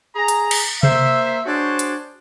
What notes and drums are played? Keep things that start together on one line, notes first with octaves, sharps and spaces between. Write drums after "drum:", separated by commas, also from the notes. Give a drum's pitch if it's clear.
G#4 A#5
drum: hi-hat
drum: cymbal
A#3 C5 E5, drum: tom C3
D4 F#4 G#4 C5 C#5
drum: hi-hat